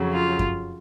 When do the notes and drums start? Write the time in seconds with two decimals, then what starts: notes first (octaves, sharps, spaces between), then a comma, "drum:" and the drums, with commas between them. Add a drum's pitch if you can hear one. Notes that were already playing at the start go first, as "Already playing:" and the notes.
Already playing: F2 C#3 F#3
0.14 F4
0.39 drum: kick F#2